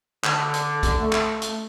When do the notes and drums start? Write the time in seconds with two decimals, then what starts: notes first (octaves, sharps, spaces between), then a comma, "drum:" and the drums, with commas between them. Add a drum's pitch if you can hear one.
0.24 D3, drum: clap
0.54 drum: hi-hat
0.83 drum: kick B1, hi-hat
0.99 A3
1.12 drum: clap
1.42 drum: hi-hat